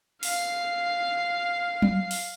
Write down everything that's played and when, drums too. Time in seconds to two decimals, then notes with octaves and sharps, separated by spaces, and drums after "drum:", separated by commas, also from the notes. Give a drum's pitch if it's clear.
0.23 F5 C7, drum: open hi-hat
1.82 drum: tom F#3
2.11 drum: open hi-hat